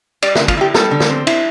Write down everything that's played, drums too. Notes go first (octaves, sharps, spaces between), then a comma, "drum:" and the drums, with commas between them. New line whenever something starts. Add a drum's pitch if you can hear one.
G3 D5, drum: cymbal
E5, drum: snare
D3
F4, drum: kick, cymbal
E4 G4
G3 A4, drum: snare
D3
drum: snare
C4
E4, drum: cymbal